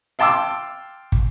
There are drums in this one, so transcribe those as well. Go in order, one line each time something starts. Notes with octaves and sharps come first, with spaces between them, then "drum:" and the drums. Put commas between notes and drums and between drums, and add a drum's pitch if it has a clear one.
F5 G5 A5 C6 D6 E6
drum: kick